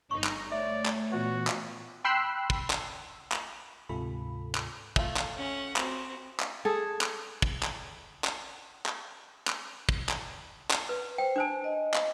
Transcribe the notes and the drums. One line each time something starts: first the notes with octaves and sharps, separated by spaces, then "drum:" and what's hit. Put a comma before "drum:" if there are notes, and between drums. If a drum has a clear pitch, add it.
G1 G2 D#4 C#6
drum: clap
A3 C#5 D5 E5
drum: clap
A#2 E3 B3 F#4
drum: clap
G5 B5 C6 E6 F#6 C7
drum: kick
drum: clap
drum: clap
D2 G#2 C3 F4 A4 B5
drum: clap
A3 F4, drum: kick
drum: clap
C#4 F#5
C4 F#4, drum: clap
drum: clap
G#4 A4
drum: clap
drum: kick
drum: clap
drum: clap
drum: clap
drum: clap
drum: kick
drum: clap
drum: clap
B4
C5 G5
D4 C5 G#5 A5
D#5
drum: clap